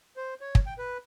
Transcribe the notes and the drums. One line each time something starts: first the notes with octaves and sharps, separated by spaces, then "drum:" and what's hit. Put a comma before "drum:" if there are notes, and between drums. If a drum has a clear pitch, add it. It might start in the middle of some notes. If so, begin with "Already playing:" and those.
C5
C#5
drum: kick
G5
B4